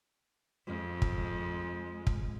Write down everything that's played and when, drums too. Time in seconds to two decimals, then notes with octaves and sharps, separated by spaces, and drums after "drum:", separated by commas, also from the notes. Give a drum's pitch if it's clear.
0.67 F2 G#3
1.02 drum: kick
2.07 drum: kick